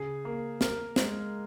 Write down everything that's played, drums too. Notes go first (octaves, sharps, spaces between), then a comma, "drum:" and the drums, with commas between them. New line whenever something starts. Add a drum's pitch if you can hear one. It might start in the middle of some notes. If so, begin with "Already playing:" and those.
Already playing: C#3 G#4
A#3
A#4, drum: snare
G#3, drum: snare